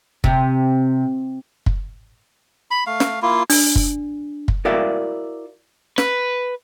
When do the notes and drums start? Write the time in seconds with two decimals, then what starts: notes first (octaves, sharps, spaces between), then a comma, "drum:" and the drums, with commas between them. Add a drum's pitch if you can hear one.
0.24 C3, drum: kick
1.66 drum: kick
2.71 B5
2.87 A3 F5
3.00 drum: snare
3.22 A#3 E4 F4
3.50 D4, drum: open hi-hat
3.76 drum: kick
4.48 drum: kick
4.65 E4 F#4 A#4 D5 E5 F5
5.98 B4, drum: snare